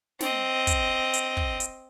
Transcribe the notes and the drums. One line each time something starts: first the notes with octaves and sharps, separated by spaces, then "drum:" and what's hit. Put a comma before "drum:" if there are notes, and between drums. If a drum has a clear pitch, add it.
C4 D#5, drum: snare
drum: kick, hi-hat
drum: hi-hat
drum: kick
drum: hi-hat